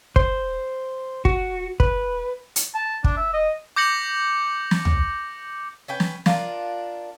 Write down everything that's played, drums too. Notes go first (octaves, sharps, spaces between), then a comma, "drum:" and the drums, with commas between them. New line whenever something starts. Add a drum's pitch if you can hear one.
C5, drum: kick
F#4, drum: kick
B4, drum: kick
drum: hi-hat
A5
D4, drum: kick
E5
D#5
D6 G6 A#6 C#7 F#7
drum: snare
drum: tom
C#4 B4 G5
drum: snare
D4 F4 A#4, drum: snare